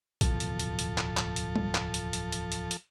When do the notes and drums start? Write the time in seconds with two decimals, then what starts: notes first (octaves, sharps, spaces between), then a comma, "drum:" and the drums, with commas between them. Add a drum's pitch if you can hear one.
0.21 D1 E2 B2 F3 A4, drum: kick A#1, hi-hat
0.40 drum: hi-hat
0.59 drum: hi-hat
0.79 drum: hi-hat
0.98 drum: clap
1.17 drum: clap
1.36 drum: hi-hat
1.56 drum: tom G3
1.75 drum: clap
1.94 drum: hi-hat
2.13 drum: hi-hat
2.32 drum: hi-hat
2.52 drum: hi-hat
2.71 drum: hi-hat